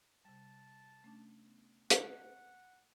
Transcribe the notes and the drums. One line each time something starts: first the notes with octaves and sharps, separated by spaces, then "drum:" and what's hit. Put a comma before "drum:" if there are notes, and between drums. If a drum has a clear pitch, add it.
C3 G3 A5
A3 C#4 D4
B3
F#5, drum: hi-hat